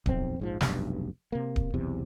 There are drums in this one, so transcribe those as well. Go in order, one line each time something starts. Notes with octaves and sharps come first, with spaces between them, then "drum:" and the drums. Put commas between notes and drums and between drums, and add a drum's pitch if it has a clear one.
B1 F2 C4, drum: kick D1
A#1 G#2 F3
F1 B1 G2, drum: snare
C3 A#3
drum: kick D1
B1 E2 C3